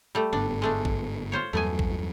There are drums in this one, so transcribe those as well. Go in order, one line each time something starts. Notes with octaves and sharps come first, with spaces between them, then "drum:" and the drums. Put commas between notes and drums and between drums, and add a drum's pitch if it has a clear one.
G3 A3
G1 G#2 B3 D4
G#3 A3 D4
drum: kick A1
F4 C5 C#5
E2 G2 F#3 A3 B3 G#5
drum: kick A1